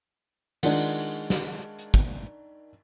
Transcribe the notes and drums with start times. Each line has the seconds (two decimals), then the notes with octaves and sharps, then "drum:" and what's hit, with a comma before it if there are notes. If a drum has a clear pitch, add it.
0.63 D#3 G#3 D4 F4 F#5, drum: cymbal
1.30 drum: snare
1.79 drum: hi-hat
1.94 drum: kick